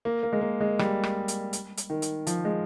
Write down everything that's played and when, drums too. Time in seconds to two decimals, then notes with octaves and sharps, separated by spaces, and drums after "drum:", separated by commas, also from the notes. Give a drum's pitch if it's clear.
0.05 A#3
0.23 A#3
0.33 G#3
0.41 A#3
0.61 G#3
0.79 G3, drum: rim click
1.03 drum: rim click
1.28 drum: hi-hat
1.53 drum: hi-hat
1.77 drum: hi-hat
1.90 D#3
2.02 drum: hi-hat
2.27 F3, drum: hi-hat
2.45 G#3